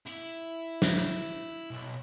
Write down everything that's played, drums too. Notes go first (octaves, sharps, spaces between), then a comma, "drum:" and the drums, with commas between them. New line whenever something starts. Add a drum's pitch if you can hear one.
E4, drum: hi-hat
drum: snare
B1